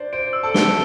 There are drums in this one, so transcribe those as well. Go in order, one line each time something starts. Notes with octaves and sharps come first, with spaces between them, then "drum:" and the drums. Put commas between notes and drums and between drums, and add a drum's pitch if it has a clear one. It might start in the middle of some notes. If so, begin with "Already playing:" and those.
Already playing: D4 C5 D5
C5 D7
E6
A4 A5
G7, drum: snare